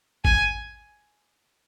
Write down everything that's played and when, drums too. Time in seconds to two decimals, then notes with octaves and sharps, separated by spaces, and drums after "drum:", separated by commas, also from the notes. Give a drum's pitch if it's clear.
0.25 G#5, drum: kick G#1